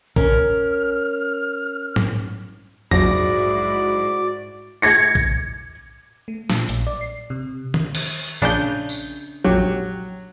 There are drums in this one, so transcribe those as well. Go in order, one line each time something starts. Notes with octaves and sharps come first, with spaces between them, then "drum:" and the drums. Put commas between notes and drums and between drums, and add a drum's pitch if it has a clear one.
C#4 A#4 F6, drum: kick A#1
drum: tom G#2
A#1 G#2 F#3 E4 F#4 D5 A#6, drum: tom E2
G#6 A#6 C#7
drum: kick A#1
A3
A#2, drum: snare
A#1, drum: hi-hat
D5
C7
C3
drum: tom D#3
drum: cymbal
A#1 C#3 D4 G6
drum: tambourine
A#1 F#3 G4